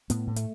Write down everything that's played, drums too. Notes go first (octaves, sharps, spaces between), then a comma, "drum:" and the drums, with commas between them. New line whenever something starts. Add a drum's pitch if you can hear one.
A2 B3, drum: hi-hat
A2
A3, drum: hi-hat